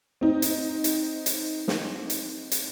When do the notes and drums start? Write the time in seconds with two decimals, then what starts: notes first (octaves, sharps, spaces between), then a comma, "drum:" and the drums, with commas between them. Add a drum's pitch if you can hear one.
0.21 C4 D#4
0.42 drum: hi-hat
0.84 drum: hi-hat
1.26 drum: hi-hat
1.68 drum: snare
2.10 drum: hi-hat
2.52 drum: hi-hat